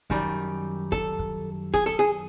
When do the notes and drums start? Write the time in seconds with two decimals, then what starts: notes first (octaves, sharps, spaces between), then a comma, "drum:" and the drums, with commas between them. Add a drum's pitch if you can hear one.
0.10 F#2 D#3 G3, drum: kick
0.92 A4, drum: kick
1.19 drum: kick
1.74 G#4, drum: kick
1.86 A4
1.99 G#4